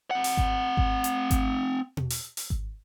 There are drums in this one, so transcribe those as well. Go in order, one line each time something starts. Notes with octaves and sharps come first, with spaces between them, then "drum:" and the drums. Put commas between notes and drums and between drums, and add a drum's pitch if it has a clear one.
C4 F#5
drum: open hi-hat
drum: kick G#1
drum: kick G#1
drum: hi-hat
drum: kick G#1, hi-hat
drum: tom B2
drum: open hi-hat
drum: open hi-hat
drum: kick G#1